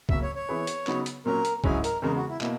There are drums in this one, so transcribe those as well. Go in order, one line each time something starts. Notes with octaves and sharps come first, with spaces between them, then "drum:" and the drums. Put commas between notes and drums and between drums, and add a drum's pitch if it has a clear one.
C#3 F#3 A#3 C#4 E5, drum: kick
C#5
C#5
E3 B3 E4 G#4 B4
drum: hi-hat
C#3 F#3 B3 D#4 F#4, drum: clap
drum: hi-hat
A#2 F#3 C#4 A#4
drum: hi-hat
G#2 F#3 C#4 E4 G#4, drum: kick
A#4, drum: hi-hat
E2 C#3 G#3 A#4
F#4
E4
B2 A#3 E4, drum: clap